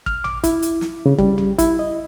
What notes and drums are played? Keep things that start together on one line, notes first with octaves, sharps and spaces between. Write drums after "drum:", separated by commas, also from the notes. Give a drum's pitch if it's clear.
F6, drum: kick
D6, drum: tom A1
E4, drum: kick, hi-hat
drum: hi-hat
drum: snare
C#3
G3, drum: kick
drum: tom A1
E4, drum: kick, hi-hat
D#5